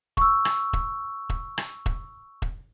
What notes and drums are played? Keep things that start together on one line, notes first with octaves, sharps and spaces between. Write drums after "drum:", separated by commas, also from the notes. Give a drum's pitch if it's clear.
C#6 E6, drum: kick E1
drum: rim click
drum: kick E1
drum: kick E1
drum: rim click
drum: kick E1
drum: kick E1